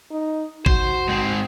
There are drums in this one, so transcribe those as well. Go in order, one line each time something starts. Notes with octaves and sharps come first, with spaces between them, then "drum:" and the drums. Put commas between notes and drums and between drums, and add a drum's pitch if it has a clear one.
D#4
F#4 C5, drum: kick G#1
G#2 C4